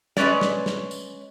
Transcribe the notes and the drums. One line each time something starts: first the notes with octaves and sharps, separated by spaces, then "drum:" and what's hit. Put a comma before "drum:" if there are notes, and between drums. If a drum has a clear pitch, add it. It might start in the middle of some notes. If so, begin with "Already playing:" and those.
G#3 C#4 B4 C#5 D5, drum: snare
drum: snare
drum: snare
drum: tambourine